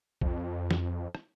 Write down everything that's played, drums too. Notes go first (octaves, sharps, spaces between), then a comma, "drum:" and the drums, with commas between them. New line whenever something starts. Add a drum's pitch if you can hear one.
F2, drum: kick B1
drum: snare
drum: rim click